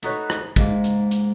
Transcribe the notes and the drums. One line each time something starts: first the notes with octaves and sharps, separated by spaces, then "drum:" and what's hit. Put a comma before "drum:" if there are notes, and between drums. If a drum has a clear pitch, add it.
A3 D#4 F#4 B4 C#5, drum: hi-hat
drum: rim click
G#2 A#3, drum: kick, hi-hat
drum: hi-hat
drum: hi-hat